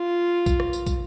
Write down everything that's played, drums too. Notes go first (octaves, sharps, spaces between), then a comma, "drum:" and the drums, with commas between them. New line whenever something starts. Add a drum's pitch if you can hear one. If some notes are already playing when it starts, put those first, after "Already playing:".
Already playing: F4
drum: kick, tambourine
drum: rim click
drum: tambourine
drum: kick, tambourine